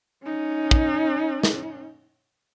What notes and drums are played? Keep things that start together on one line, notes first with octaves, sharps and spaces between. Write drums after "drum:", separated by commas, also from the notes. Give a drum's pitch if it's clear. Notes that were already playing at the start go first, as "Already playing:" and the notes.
C#4 D#4
drum: kick
drum: snare